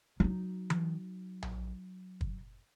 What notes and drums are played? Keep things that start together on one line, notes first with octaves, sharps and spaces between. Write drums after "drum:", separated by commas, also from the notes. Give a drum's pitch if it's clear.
F#3 D#4
drum: tom E3
drum: tom A#1
drum: kick